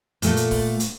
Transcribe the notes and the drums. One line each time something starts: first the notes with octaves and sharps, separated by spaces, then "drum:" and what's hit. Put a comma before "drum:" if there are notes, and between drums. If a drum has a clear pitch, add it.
A#2 A3 A4, drum: hi-hat
drum: hi-hat
drum: kick C#1, open hi-hat
drum: hi-hat